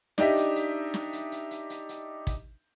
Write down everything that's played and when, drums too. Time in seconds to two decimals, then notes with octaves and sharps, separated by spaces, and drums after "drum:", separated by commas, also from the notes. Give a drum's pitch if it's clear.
0.18 D4 D#4 G4 D#5 E5, drum: snare
0.37 drum: hi-hat
0.56 drum: hi-hat
0.94 drum: snare
1.13 drum: hi-hat
1.32 drum: hi-hat
1.51 drum: hi-hat
1.70 drum: hi-hat
1.89 drum: hi-hat
2.27 drum: kick, hi-hat